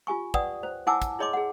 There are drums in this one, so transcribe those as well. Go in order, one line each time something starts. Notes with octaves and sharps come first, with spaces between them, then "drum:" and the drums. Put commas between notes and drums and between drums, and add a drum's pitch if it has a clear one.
F4 G4 G#5 C#6
B4 D5 F#5 G5 D#6, drum: kick
C5
E4 F#5 G#5 A5 D6 E6
drum: kick, hi-hat
E4 G#4 C#5 D#5 C6 D6
G#4 F#5